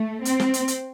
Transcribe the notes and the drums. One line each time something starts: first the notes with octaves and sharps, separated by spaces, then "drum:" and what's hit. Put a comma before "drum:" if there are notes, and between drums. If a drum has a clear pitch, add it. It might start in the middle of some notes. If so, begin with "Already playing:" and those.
Already playing: A3
C4, drum: hi-hat
drum: snare
drum: hi-hat
drum: hi-hat